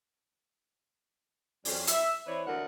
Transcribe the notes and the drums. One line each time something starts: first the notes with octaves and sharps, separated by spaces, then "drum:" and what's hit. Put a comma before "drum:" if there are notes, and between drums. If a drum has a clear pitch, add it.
F2 G3 C#4, drum: open hi-hat
E5, drum: hi-hat
E3 C4 E4 B4 C#5 D5
D2 G3 A#3 D4 A#4 F#5